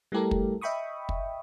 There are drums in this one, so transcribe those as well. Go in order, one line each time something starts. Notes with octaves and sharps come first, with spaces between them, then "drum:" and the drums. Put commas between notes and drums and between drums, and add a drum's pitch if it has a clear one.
G3 A3 E4 G4 A4 A#4
drum: kick
D#5 E5 G5 B5 C#6 D#6
drum: kick